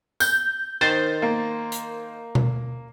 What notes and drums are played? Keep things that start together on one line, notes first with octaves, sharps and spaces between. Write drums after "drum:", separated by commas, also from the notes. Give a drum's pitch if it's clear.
G6, drum: tambourine
D#3 C5 A6
A#3
drum: hi-hat
drum: tom B2